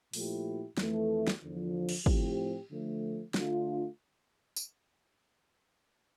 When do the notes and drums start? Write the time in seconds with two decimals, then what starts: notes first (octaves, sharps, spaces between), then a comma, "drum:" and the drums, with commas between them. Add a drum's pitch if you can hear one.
0.13 A#2 F3 A3 E4 G4, drum: open hi-hat
0.77 F2 E3 A3, drum: snare
1.27 drum: snare
1.42 E2 D3 F3
1.89 drum: cymbal
2.06 A2 F3 C4 G4, drum: kick
2.70 D3 F3 A3
3.34 D3 A3 D4 F4, drum: snare
4.56 drum: tambourine